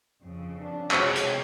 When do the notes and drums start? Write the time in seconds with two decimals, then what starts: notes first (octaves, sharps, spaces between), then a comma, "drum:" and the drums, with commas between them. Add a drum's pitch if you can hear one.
0.23 F2 C#3
0.59 G2 C#4 D4
0.91 F2 C3 F#3 G#3 C#5 G5 F#6, drum: clap
1.15 drum: hi-hat